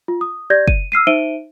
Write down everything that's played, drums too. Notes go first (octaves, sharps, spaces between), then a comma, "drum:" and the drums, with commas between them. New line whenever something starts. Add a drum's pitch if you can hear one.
F4
D#6
G4 D5 G6 G#6 A#6
D#7, drum: kick
E6 F6 C7 D#7
D#4 C5 E5 D7 D#7 G7